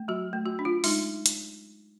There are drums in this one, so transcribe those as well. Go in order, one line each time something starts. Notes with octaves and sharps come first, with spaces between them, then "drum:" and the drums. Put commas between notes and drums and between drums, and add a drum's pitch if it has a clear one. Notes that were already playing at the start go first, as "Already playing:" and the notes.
Already playing: A3
F#3 F#4
A3
F#4
D4
F4
G#3 D#4, drum: open hi-hat
drum: hi-hat